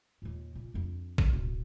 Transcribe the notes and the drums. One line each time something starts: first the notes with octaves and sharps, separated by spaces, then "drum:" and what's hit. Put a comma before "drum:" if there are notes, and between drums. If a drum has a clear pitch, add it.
D#2 A#2
A#2
F2 D4
drum: kick
D1 B2